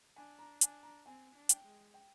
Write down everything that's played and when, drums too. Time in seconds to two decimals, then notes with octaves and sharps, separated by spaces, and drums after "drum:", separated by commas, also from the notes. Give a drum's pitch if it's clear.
0.16 D4 G#5
0.39 A#5
0.61 D4 G#5, drum: hi-hat
0.83 A#5
1.06 C4 G#5
1.35 D4
1.49 G5, drum: hi-hat
1.65 G#3
1.94 G5